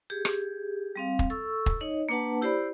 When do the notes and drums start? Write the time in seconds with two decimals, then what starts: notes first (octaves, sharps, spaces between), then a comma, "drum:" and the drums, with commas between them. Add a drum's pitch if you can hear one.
0.10 G4 G#4
0.25 drum: rim click
0.96 G3 C4 F5
1.19 drum: kick
1.30 A4 C#6 E6
1.66 drum: kick
1.81 D#4 C#5 D#5
2.09 A#3 D4 B4 F#5 A5
2.42 E4 G4 C5 D5 B5